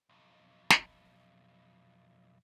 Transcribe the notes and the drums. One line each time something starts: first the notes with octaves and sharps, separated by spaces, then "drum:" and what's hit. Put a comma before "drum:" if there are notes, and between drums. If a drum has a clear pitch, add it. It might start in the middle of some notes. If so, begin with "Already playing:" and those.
B1 F2
drum: snare